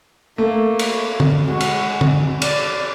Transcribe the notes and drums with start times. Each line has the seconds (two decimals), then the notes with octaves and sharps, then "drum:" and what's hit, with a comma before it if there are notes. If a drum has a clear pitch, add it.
0.38 A3 A#3
0.79 drum: cymbal
1.20 drum: tom D3
1.45 G#3 F#4
1.61 drum: cymbal
2.01 drum: tom D3
2.42 D5, drum: cymbal